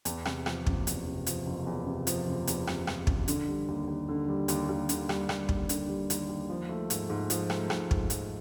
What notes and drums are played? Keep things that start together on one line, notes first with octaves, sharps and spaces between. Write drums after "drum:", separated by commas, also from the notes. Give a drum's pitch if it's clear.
E2, drum: hi-hat
C3, drum: rim click
F3, drum: rim click
F#1, drum: kick
E2, drum: hi-hat
C3
F3, drum: hi-hat
F#1
E2
C3
F3, drum: hi-hat
F#1
E2, drum: hi-hat
C3, drum: rim click
F3, drum: rim click
F#1, drum: kick
D3, drum: hi-hat
G3
D#2
D#2
D3
G3
D#2, drum: hi-hat
D#2
D3, drum: hi-hat
G3, drum: rim click
D#2, drum: rim click
D#2, drum: kick
D3, drum: hi-hat
G3
D#2, drum: hi-hat
D#2
F3
A3
G#2, drum: hi-hat
G#2
F3, drum: hi-hat
A3, drum: rim click
G#2, drum: rim click
G#2, drum: kick
F3, drum: hi-hat